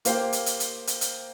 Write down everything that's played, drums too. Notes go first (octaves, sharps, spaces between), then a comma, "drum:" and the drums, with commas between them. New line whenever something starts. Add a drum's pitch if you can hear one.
A#3 G4 C5 F5, drum: hi-hat
drum: hi-hat
drum: hi-hat
drum: hi-hat
drum: hi-hat
drum: hi-hat